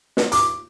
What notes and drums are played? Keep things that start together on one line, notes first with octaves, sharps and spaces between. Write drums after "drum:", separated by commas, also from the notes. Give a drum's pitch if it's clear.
drum: snare
D6, drum: hi-hat